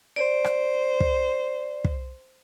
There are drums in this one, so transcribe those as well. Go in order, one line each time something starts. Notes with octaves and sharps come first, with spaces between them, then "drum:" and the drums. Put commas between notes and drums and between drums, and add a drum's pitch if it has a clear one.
C5 D5
drum: rim click
drum: kick
drum: kick